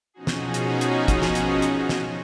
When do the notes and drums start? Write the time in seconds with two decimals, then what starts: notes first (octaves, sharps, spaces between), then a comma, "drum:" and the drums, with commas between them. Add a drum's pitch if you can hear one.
0.14 B2 F3 C#4 D#4 F#4 G#4
0.27 drum: snare
0.54 drum: hi-hat
0.81 drum: hi-hat
1.08 drum: kick, hi-hat
1.22 drum: snare
1.35 drum: hi-hat
1.62 drum: hi-hat
1.89 drum: snare